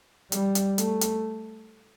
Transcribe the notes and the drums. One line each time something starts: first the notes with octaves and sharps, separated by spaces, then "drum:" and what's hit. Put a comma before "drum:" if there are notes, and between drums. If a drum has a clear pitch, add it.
G3, drum: hi-hat
drum: hi-hat
A3, drum: hi-hat
drum: hi-hat